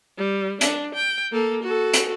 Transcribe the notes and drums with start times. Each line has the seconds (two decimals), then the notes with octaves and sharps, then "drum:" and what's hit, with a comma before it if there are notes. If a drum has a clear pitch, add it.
0.18 G3
0.61 D4, drum: hi-hat
0.95 G5
1.32 A#3 A4
1.63 F#4 A4
1.94 drum: hi-hat